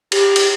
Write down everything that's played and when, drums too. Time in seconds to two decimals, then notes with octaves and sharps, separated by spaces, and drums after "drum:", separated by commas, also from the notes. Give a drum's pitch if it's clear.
0.12 G4, drum: cymbal
0.36 drum: cymbal